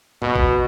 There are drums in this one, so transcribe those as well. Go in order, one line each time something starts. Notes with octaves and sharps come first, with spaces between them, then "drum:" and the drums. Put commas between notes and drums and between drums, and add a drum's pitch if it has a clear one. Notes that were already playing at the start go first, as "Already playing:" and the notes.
B2, drum: tom G#2
drum: kick G#1